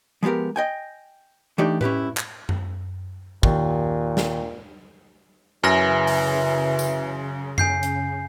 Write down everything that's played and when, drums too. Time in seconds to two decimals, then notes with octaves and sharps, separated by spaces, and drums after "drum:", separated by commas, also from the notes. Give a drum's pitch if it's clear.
0.23 F3 G#3 B3 G4 A#4
0.56 D#5 G5 G#5
1.58 E3 A3 D4 D#4 G4 D5
1.81 C#4 E4 G4 B4, drum: tom A2
2.17 drum: clap
2.49 drum: tom F#2
3.43 D#2 A#2, drum: kick
4.17 drum: snare
5.64 F#2 C#3 E3 G#5 F6 A#6
6.07 drum: open hi-hat
6.79 drum: tambourine
7.58 G#5 G6 C7, drum: tom F#2
7.83 drum: hi-hat